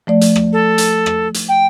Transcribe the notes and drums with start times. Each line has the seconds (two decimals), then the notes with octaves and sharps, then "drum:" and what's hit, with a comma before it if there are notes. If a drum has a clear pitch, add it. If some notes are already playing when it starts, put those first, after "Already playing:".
0.07 F3 A3 D5
0.21 drum: hi-hat
0.35 drum: rim click
0.53 A4
0.78 drum: hi-hat
1.06 drum: rim click
1.34 drum: hi-hat
1.49 G5